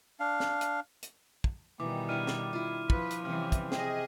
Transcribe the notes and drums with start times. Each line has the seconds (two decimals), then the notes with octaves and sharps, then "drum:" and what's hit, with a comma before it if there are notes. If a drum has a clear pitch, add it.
0.20 D4 F5
0.40 drum: snare
0.61 drum: hi-hat
1.03 drum: hi-hat
1.44 drum: kick
1.80 B2 D#3 E3 G3 D6
2.09 D4 E4 C#5 F6 D#7
2.27 drum: snare
2.53 E4 F4
2.90 F3 B4, drum: kick
3.11 drum: hi-hat
3.25 C3 E3 G3 C4 C#4 F6
3.52 drum: kick, hi-hat
3.72 C4 G#4 D#5, drum: snare